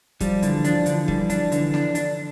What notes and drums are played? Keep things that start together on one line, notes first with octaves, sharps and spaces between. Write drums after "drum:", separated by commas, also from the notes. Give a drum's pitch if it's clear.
F3 G3, drum: kick, hi-hat
D3 E3, drum: hi-hat
F3 D4, drum: hi-hat
D3 E3, drum: hi-hat
E3 G3, drum: kick
D4, drum: hi-hat
D3 E3, drum: hi-hat
D4, drum: snare
D3 D4, drum: hi-hat